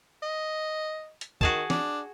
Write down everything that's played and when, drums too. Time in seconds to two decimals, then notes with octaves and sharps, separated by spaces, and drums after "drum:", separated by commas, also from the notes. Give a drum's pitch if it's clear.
0.22 D#5
1.21 drum: hi-hat
1.41 D#3 F#4 G#4 A5, drum: kick
1.70 D4, drum: snare